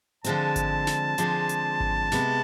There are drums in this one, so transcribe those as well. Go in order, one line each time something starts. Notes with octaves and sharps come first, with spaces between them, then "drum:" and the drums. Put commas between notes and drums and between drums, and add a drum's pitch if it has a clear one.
D3 F3 G#3 C4 A5, drum: hi-hat
drum: kick G#1, hi-hat
drum: snare
D3 F3 G#3 C4, drum: hi-hat
drum: hi-hat
drum: kick G#1
C3 G#3 B3, drum: snare